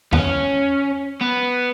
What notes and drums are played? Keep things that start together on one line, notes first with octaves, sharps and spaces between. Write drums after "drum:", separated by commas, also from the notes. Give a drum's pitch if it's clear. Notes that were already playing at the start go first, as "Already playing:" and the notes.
B3, drum: tom E2
C#4
B3